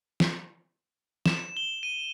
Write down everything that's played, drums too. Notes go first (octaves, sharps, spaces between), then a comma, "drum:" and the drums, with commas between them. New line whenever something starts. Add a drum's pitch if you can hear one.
drum: snare
E7, drum: snare
G7
D#7